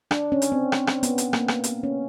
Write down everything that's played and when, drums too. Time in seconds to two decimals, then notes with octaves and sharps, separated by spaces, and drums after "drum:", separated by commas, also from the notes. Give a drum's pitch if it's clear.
0.11 D4, drum: rim click
0.32 C#4
0.42 drum: hi-hat
0.52 C4
0.72 drum: rim click
0.87 drum: rim click
1.03 B3, drum: hi-hat
1.18 drum: hi-hat
1.33 A#3, drum: rim click
1.48 drum: rim click
1.64 drum: hi-hat
1.83 C#4